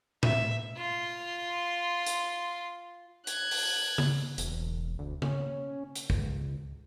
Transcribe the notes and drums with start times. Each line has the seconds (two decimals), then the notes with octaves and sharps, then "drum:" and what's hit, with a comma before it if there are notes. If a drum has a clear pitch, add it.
0.23 E5, drum: tom A2
0.77 F4 C6
2.06 drum: hi-hat
3.27 F#6 G#6, drum: hi-hat
3.51 drum: open hi-hat
3.98 drum: tom C#3
4.38 E1, drum: hi-hat
4.99 D2
5.22 C#4, drum: tom C#3
5.96 drum: hi-hat
6.10 C#2, drum: kick